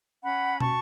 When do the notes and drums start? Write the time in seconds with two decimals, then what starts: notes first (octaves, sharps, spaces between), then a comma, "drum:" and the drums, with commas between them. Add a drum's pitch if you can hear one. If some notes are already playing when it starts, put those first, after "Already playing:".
0.22 C#4 F#5 B5
0.60 F#4 A5 C#6, drum: tom